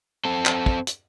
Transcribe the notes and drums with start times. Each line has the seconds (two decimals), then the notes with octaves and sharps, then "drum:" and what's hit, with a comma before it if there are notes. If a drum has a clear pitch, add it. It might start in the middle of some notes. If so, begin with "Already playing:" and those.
0.25 C4 A4
0.46 drum: clap
0.66 drum: kick
0.87 drum: hi-hat